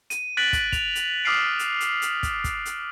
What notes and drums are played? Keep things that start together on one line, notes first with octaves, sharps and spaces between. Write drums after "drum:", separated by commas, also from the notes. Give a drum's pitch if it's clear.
D#7, drum: hi-hat
F#6 A6 B6 D7 F#7
drum: kick, hi-hat
F7, drum: kick, hi-hat
drum: hi-hat
D6 D#6 F6 B6 C7 D7
drum: hi-hat
drum: hi-hat
drum: hi-hat
drum: kick, hi-hat
drum: kick, hi-hat
drum: hi-hat